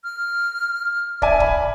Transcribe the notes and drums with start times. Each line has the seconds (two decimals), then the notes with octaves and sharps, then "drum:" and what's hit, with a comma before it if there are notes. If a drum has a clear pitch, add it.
0.04 F6
1.22 D5 E5 G#5, drum: kick
1.40 B5, drum: kick